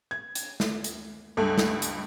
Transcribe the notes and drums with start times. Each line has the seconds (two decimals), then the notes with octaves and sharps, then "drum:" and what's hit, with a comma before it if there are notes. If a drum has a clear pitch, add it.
0.11 G#6
0.35 drum: hi-hat
0.60 drum: snare
0.84 drum: hi-hat
1.37 C#2 G2 A3
1.58 drum: snare
1.82 drum: hi-hat